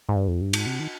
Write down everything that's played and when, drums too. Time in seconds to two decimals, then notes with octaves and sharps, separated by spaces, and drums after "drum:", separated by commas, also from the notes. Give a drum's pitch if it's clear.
0.09 G#2
0.16 G2
0.28 F2
0.41 G2
0.53 G#2, drum: cymbal
0.66 C3
0.80 D#3